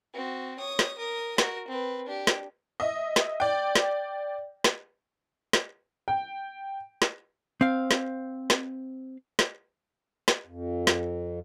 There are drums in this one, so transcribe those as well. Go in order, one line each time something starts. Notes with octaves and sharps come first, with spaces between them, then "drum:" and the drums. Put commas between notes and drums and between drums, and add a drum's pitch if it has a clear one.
C4 F#4
C#5 D#6
drum: snare
A#4 D#6
F#4 A#4, drum: snare
C4 B4
D4 G4
drum: snare
D#5 E5
drum: snare
D5 G5
drum: snare
drum: snare
drum: snare
G5
drum: snare
C4 F5
drum: snare
drum: snare
drum: snare
drum: snare
F2
drum: snare